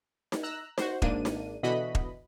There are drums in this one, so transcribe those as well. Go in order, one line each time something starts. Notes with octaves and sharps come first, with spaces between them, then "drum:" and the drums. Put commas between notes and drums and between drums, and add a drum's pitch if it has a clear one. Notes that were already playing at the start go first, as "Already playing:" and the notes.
drum: snare D#4
A#5 E6 F#6
F#4 C5, drum: snare D#4
G#1 G#2 A#3 D4 D#7, drum: kick E1
drum: snare D#4
B2 D3 E3 F#4 D#5 B5
drum: kick E1